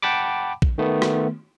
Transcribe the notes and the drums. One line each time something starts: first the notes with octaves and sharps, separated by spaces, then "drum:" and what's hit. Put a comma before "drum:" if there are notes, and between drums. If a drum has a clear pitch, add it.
F#5 G5 A5 B5 D6
drum: kick A#1
D#3 A3 B3
drum: rim click